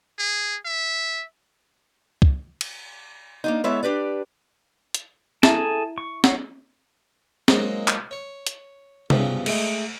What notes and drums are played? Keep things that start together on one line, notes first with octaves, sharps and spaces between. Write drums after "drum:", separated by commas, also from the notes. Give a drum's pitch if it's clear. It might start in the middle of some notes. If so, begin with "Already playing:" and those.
G#4
E5
drum: kick C#2
drum: cymbal
A#3 D4 D#4
G#3 B3 E4 A4 C#5 E5
D4 G4 B4 D5
drum: hi-hat
E4 G#4 A4 E5 A5 A#5, drum: snare
C#6
C#5 F#5, drum: snare
F#3 G#3 A#3 D#4 C5, drum: snare
drum: clap
C#5
drum: hi-hat
B1 G2 C#3 E3 F3, drum: tom C3
G#3 A3, drum: cymbal